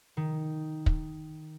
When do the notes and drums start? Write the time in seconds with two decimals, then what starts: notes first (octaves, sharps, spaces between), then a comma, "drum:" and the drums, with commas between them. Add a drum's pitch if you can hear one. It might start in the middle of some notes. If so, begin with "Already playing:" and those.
0.17 D#3
0.86 drum: kick